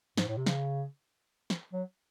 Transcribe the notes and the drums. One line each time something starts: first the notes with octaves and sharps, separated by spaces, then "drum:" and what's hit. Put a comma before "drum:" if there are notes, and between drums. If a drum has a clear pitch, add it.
G#2, drum: snare
A2
C3
C#3, drum: snare
drum: snare
F#3